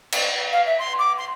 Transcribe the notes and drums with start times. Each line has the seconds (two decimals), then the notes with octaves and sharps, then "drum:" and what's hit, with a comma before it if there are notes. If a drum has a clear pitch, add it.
0.12 drum: cymbal
0.53 F5
0.66 E5
0.79 C6
0.99 D6
1.18 C6